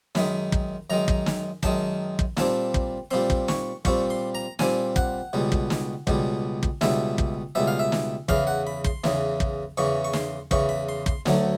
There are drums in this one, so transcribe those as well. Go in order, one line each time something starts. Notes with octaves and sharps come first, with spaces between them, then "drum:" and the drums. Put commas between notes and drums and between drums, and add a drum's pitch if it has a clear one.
F#2 D#3 G#3 B5, drum: snare
drum: kick
F#2 D#3 G#3 A#5
drum: kick
drum: snare
F#2 D#3 G#3 A5, drum: kick
drum: kick
A#2 G3 C4 A5, drum: snare
drum: kick
A#2 G3 C4 C6
drum: kick
C#6, drum: snare
A#2 G3 C4 C#6, drum: kick
C6
A#5
A#2 G3 C4 G#5, drum: snare
F#5, drum: kick
C#2 B2 G3
drum: kick
drum: snare
C#2 B2 G3, drum: kick
drum: kick
C#2 B2 G3 E5, drum: snare
drum: kick
C#2 B2 G3 E5
F5
E5
drum: snare
E2 C#3 E3 F5, drum: kick
F#5
B5
C6, drum: kick
E2 C#3 E3, drum: snare
drum: kick
E2 C#3 E3 C#6
C#6
C6, drum: snare
E2 C#3 E3 C#6, drum: kick
B5
C6
C6, drum: kick
D2 D3 F#3 A3, drum: snare